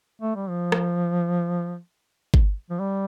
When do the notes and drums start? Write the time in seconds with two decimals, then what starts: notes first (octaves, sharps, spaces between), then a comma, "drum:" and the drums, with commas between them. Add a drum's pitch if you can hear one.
0.22 A3
0.36 G3
0.49 F3
0.72 drum: rim click
2.34 drum: kick G1
2.70 F3
2.80 G3